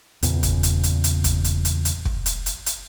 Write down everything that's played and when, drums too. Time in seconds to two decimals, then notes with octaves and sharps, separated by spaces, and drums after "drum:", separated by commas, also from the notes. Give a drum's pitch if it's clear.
0.23 E2 A#2 C#3, drum: hi-hat
0.43 drum: kick, hi-hat
0.63 drum: hi-hat
0.83 drum: hi-hat
1.04 drum: hi-hat
1.24 drum: kick, hi-hat
1.44 drum: hi-hat
1.65 drum: hi-hat
1.85 drum: hi-hat
2.05 drum: kick
2.26 drum: hi-hat
2.46 drum: hi-hat
2.66 drum: hi-hat